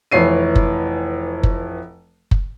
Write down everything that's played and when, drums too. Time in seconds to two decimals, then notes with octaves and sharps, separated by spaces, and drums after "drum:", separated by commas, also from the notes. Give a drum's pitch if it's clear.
0.12 F1 E3 C#5 C7 D#7
0.55 drum: kick F#1
1.43 drum: kick F#1
2.31 drum: kick F#1